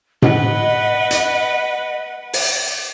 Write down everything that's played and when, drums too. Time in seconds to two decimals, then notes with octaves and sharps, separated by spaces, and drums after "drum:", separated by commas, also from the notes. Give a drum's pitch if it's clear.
0.22 B4 D#5 F#5, drum: tom A2
1.11 drum: hi-hat
2.33 drum: open hi-hat